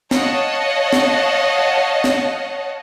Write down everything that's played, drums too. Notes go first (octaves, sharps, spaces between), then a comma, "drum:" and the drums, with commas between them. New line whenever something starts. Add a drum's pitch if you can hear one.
C#5 D#5 F5 F#5 A5, drum: snare
drum: snare
drum: snare